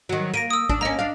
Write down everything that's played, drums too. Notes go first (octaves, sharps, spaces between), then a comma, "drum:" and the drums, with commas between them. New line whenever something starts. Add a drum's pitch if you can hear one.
D#3 F#3
A#3 A#6 D7 D#7
D#6 E6
D4, drum: kick G#1
A#3 C#4 D#5 A#5
D4 F5